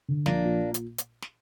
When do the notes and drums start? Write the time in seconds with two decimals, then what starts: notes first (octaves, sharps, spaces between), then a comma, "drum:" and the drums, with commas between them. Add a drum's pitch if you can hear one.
0.08 D3
0.26 A#1 A#3 D4, drum: snare
0.45 A#2
0.74 drum: hi-hat
0.98 drum: hi-hat
1.22 drum: snare